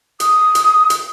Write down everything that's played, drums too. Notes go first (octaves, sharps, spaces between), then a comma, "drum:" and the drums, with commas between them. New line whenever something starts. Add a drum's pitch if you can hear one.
D#6, drum: hi-hat
drum: hi-hat
drum: hi-hat